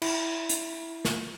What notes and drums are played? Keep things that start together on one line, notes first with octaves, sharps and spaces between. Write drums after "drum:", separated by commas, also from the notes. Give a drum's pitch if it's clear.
E4, drum: cymbal
drum: hi-hat
drum: snare